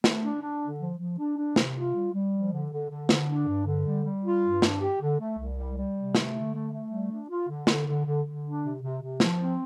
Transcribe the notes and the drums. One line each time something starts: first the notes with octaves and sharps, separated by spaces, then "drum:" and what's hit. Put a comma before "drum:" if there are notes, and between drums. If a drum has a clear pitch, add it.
A3, drum: snare
D4
D4
D3
F3
F3
D4
D4
C3, drum: snare
F4
G3
G3
F3
D3
D3
D3
D3, drum: snare
D4
G2
D3
G3
G3
F4
G2
D4, drum: snare
G4
D3
A3
C2
G3
G3
C3
A3, drum: snare
D3
A3
A3
G3
D4
F4
D3
D3, drum: snare
D3
D3
D3
D4
C3
C3
C3
F3, drum: snare
C4